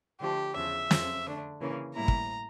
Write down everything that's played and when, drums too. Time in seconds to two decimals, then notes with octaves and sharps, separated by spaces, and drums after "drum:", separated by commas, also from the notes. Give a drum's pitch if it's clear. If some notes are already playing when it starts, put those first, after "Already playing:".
0.20 D3 F3 A3 G4
0.56 E2 C#3 F3 E5
0.91 F2 C#3 F3, drum: snare
1.26 D3 A3 D4
1.60 C#3 E3 A#3 C#4
1.95 A2 G3 A#3 E4 A#5
2.08 drum: kick